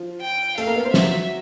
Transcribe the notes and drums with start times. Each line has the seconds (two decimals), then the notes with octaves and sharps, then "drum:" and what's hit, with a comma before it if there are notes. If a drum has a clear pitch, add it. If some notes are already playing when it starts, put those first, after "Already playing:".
Already playing: F3 F4
0.22 G5
0.58 A3 A4 F5, drum: hi-hat
0.67 A#3 A#4
0.76 B3 B4
0.85 C4 C5
0.94 F#3 F#4 E5, drum: snare